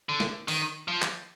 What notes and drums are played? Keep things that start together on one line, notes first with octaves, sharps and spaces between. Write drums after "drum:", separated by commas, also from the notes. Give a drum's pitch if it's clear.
D3
drum: snare
D#3, drum: open hi-hat
F3
drum: clap